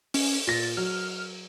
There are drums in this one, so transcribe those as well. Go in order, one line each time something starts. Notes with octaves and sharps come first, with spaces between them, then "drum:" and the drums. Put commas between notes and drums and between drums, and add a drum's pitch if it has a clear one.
C#4, drum: open hi-hat
A#2 A6 A#6
F#3 F6